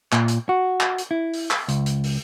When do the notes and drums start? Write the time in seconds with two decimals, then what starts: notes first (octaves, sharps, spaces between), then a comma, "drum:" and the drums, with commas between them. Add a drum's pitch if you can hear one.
0.12 A#2, drum: clap
0.28 drum: hi-hat
0.49 F#4
0.81 drum: clap
0.98 drum: hi-hat
1.11 E4
1.33 drum: open hi-hat
1.51 drum: clap
1.68 C#2, drum: hi-hat
1.86 drum: hi-hat
2.03 drum: open hi-hat